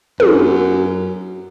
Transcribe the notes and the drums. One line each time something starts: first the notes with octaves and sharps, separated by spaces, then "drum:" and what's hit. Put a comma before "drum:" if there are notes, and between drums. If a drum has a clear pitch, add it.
F#2, drum: tom